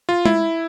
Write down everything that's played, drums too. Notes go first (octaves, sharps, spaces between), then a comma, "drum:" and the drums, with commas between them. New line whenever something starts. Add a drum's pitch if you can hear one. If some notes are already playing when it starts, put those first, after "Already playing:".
F4
E4, drum: tom G#3